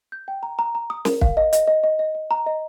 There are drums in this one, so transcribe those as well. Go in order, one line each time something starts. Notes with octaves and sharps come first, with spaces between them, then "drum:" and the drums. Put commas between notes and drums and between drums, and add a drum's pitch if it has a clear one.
G6
G5
A#5
A#5
A#5
D#6
A#4, drum: snare
F5, drum: kick
D#5
D#5, drum: hi-hat
D#5
D#5
D#5
D#5
A#5
D#5